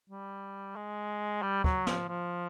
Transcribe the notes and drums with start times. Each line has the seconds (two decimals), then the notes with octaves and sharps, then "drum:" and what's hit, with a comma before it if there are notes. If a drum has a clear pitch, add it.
0.10 G3
0.76 G#3
1.42 G3
1.64 F#3, drum: kick
1.87 F3, drum: snare
2.08 F3